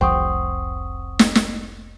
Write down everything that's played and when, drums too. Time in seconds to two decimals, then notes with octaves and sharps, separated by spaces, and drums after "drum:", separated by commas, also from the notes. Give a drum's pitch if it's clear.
0.01 F1 C2 F3 C4 F#5 C#6 D#6
1.19 drum: snare
1.35 drum: snare